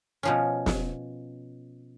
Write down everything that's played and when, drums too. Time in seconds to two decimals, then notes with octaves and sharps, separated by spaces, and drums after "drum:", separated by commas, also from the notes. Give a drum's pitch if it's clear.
0.23 B2 F3 C#4
0.66 drum: snare